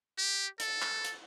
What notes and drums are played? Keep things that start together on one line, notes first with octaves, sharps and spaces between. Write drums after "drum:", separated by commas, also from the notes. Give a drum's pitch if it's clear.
G4
A4, drum: hi-hat
drum: clap
drum: hi-hat